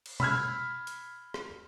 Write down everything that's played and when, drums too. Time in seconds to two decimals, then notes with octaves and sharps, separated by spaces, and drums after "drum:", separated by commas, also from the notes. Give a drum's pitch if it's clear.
0.06 drum: cymbal
0.20 B5 E6 F6 G#6, drum: tom B2
0.87 drum: hi-hat
1.34 drum: rim click